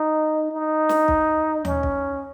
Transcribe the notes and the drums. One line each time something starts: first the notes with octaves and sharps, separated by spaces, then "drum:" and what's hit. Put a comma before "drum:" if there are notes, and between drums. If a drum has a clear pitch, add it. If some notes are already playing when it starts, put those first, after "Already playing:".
Already playing: D#4
D#4
drum: snare
drum: kick
C#4, drum: tom D#2
drum: kick